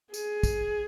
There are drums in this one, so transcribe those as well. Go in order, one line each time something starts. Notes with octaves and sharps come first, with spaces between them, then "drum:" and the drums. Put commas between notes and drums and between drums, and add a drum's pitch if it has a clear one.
G#4, drum: tambourine
drum: kick, tambourine